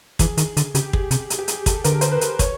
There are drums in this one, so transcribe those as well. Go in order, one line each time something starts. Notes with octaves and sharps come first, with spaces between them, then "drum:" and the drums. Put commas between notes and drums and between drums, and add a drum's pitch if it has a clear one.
E3 G#4, drum: kick, hi-hat
D#3, drum: hi-hat
D3, drum: hi-hat
C#3 G4, drum: hi-hat
G#4, drum: kick
C3, drum: hi-hat
G#4, drum: hi-hat
G4
G#4, drum: hi-hat
A4, drum: kick, hi-hat
D3 A#4, drum: hi-hat
C5, drum: hi-hat
B4
drum: hi-hat
C#5, drum: kick, hi-hat